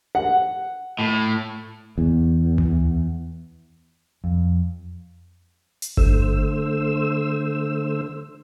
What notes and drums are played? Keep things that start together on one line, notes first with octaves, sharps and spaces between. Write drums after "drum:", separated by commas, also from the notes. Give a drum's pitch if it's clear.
F#5
A2
E2
drum: tom D2
F2
drum: hi-hat
D3 A3 C5 E6, drum: kick G1